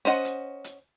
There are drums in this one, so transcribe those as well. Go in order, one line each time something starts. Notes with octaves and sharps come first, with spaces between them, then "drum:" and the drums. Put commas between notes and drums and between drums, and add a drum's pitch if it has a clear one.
C#4 C5 D#5 F#5
drum: hi-hat
drum: hi-hat